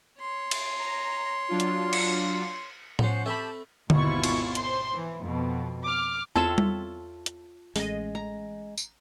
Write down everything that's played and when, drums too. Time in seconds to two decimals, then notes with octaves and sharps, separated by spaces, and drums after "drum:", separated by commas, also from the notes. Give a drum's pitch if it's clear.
0.20 C#5 C6
0.51 drum: cymbal
0.79 A#5
1.49 F#3 D4 F4
1.60 drum: hi-hat
1.93 drum: cymbal
2.99 F3 C#4 C5 F#5, drum: tom A2
3.26 A3 C4 G4 E5 A5 B5
3.90 G#1 D#2 B2 E4 F4 C#6, drum: tom D3
4.24 drum: cymbal
4.55 C5 C6, drum: hi-hat
4.93 E3
5.22 F2 B2
5.84 D6 F6
6.36 E2 C4 F4 A4 C#5 E5 E7
6.58 drum: tom G3
7.26 drum: hi-hat
7.76 A1 G#3 D#5, drum: open hi-hat
8.15 A#5
8.77 drum: tambourine